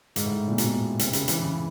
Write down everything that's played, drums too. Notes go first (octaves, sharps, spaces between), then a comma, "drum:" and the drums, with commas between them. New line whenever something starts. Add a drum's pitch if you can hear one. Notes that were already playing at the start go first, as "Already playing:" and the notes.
G#2, drum: hi-hat
A2
A#2
B2, drum: hi-hat
C3, drum: hi-hat
C#3, drum: hi-hat
E3, drum: hi-hat
C#3